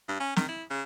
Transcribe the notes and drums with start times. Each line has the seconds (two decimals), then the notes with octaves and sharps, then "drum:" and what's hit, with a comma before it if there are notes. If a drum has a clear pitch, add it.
0.08 G2
0.20 C#4
0.36 D#3, drum: snare
0.48 E4
0.70 C#3